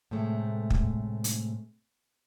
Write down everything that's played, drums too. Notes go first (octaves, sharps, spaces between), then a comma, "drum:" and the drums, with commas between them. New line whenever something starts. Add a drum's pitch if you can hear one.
A2 C3 G#3 A3
drum: kick
drum: hi-hat